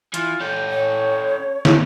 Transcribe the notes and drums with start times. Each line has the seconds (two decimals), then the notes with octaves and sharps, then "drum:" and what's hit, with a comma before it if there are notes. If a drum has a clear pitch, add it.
0.14 E3 F4, drum: hi-hat
0.41 C#4 A4 G5
0.71 C#5
1.65 drum: snare